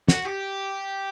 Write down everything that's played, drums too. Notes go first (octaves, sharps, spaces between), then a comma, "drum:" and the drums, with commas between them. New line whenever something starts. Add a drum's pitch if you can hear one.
F#4, drum: snare
G4